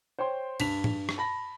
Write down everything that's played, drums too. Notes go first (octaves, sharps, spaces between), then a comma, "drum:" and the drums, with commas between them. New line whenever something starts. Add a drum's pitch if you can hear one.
C5 C#5 G5 C6
G2 B6 F7, drum: cymbal
drum: tom A2
drum: rim click
A5 B5 A#6